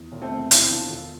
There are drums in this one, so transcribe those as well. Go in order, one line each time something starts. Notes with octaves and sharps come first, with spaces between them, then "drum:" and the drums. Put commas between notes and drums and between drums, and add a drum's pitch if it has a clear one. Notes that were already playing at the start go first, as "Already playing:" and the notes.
Already playing: E2
E1
A3 C4
C3
E1 C4 E4, drum: hi-hat
E2 D4 F4
E1 F4 A4